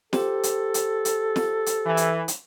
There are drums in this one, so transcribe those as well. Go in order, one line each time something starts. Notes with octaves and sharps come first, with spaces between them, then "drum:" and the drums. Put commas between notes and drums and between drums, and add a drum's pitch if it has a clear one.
G4 A4 C5, drum: snare
drum: hi-hat
drum: hi-hat
drum: hi-hat
drum: snare
drum: hi-hat
E3
drum: hi-hat
drum: hi-hat